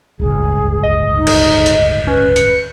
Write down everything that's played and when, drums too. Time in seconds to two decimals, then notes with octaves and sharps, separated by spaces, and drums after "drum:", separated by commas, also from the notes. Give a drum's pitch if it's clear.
0.19 D1 G1 C#2 G#4
0.83 D#5
1.16 D#4
1.27 drum: cymbal
1.66 drum: hi-hat
2.07 C#4 B4
2.36 C#7, drum: hi-hat